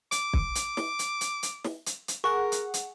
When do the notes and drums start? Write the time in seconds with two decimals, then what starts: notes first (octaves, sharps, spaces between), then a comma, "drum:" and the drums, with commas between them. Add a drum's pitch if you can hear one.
0.12 D6, drum: hi-hat
0.33 drum: kick
0.55 drum: hi-hat
0.77 drum: snare
0.99 drum: hi-hat
1.21 drum: hi-hat
1.43 drum: hi-hat
1.64 drum: snare
1.86 drum: hi-hat
2.08 drum: hi-hat
2.24 G#4 A#4 F#5 C#6
2.52 drum: hi-hat
2.74 drum: hi-hat